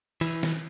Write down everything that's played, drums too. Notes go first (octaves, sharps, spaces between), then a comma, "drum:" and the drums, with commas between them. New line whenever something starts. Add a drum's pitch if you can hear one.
E3, drum: cymbal
drum: snare